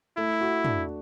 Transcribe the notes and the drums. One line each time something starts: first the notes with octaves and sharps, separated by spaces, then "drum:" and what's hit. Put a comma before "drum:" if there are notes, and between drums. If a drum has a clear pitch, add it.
A3 E4
F#4
D4, drum: tom